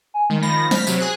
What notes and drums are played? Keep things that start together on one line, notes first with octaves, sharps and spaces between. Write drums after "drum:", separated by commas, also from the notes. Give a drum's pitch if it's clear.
G#5
D#3 G#3
D#3 F3 B5 A#6
C5 F6 B6, drum: snare
C3 F#3, drum: tambourine
G#4 F#6